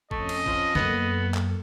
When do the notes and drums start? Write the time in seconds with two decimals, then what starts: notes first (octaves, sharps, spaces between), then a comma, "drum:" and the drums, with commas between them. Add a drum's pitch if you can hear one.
0.11 F2 A3 C#4 D#5, drum: kick G1
0.29 drum: cymbal
0.46 F3, drum: kick G1
0.75 F#2 A#3 B3 A4, drum: snare
1.34 drum: clap